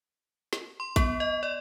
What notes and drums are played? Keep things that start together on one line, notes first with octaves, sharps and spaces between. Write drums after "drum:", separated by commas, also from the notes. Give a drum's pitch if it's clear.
drum: snare
C6
B3, drum: kick A#1, hi-hat
D#5
D5